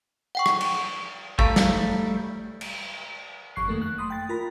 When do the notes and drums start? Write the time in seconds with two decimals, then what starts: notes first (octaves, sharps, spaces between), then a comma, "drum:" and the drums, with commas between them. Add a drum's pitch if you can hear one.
0.35 F#5 G5 C#6
0.46 drum: rim click
0.61 drum: cymbal
1.39 G3 A3 F5 A5 A#5, drum: kick A1
1.56 drum: snare
2.61 drum: cymbal
3.56 G1 F2 C#6 F#6 C7
3.68 F#2 D#3 A3 A#3
3.82 F#6
3.98 B5 C6 D#6
4.10 G5 A6
4.29 F4 A#4 A#5 B5